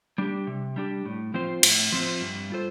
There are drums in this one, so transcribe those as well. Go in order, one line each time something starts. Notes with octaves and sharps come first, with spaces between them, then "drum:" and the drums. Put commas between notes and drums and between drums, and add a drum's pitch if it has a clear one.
G3 D4 G4
C3
G3 D4 G4
A2
F3 C4 F4 C5
A2, drum: cymbal
F3 C4 F4 C5
G2
G3 F4 A4 C5